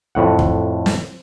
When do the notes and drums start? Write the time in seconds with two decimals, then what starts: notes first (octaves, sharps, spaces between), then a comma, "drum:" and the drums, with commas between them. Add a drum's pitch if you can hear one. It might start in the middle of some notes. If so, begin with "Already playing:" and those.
0.15 F2 A2 F#5
0.39 drum: kick
0.86 drum: snare